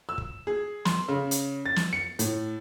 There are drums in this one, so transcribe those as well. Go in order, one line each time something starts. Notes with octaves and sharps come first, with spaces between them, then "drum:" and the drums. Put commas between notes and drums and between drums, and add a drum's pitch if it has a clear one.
E6
drum: kick
G#4
C6, drum: snare
C#3
drum: hi-hat
A6
drum: snare
C#7
A2, drum: hi-hat